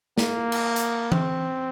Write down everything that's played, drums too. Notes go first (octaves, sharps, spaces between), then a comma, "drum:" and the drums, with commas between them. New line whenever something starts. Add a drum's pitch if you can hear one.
A#3, drum: snare
drum: cymbal
drum: hi-hat
C4, drum: tom E3